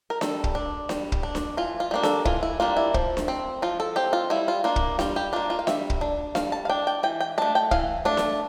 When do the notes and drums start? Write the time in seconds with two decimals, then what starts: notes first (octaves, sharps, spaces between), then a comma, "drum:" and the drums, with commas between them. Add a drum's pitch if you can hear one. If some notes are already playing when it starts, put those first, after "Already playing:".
0.10 A#4
0.21 G3 A4, drum: snare D4
0.44 drum: kick
0.55 D4
0.89 G3, drum: snare D4
1.12 drum: kick
1.23 D4
1.35 drum: snare D4
1.57 E3 F4
1.80 F4
1.91 G3 A#3 D4
2.03 A4, drum: snare D4
2.25 E3 F4, drum: kick
2.43 E4
2.60 G3 A#3 D4 F4
2.77 E4
2.94 F3, drum: kick
3.17 drum: snare D4
3.28 C4
3.62 F3 F4
3.80 A4
3.96 C4 G4
4.13 F4
4.30 G3 E4
4.48 F4
4.64 A#3 D4 F4
4.76 drum: kick
4.99 G3 F4, drum: snare D4
5.16 G4
5.33 A#3 D4 F4
5.50 F4
5.59 F5
5.67 G3 E5, drum: snare D4
5.90 drum: kick
6.01 D4
6.35 G3 F5, drum: snare D4
6.52 A5
6.65 F5
6.69 D4 G5
6.87 G5
7.03 E3 G5
7.20 G5
7.38 A3 D4 A5
7.55 G5
7.71 E3 F5, drum: kick
8.05 A3 D4
8.17 drum: snare D4